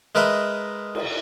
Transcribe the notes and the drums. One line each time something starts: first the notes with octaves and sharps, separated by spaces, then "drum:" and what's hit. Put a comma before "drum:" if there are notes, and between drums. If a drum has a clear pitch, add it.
G#3 A#4 B4 D#5 E5
drum: cymbal